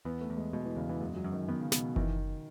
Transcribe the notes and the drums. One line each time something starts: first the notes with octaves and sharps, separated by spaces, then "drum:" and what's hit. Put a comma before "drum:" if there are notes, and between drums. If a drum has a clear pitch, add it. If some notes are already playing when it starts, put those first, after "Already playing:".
E2 B3
A3
E2
G#3
B2 G#3
E3
E2 C#3
E3
F#2 G#3
F#3
F#2
D#3
D#3 B3
C#3
B2 B3, drum: snare
D#3 E3, drum: kick F#1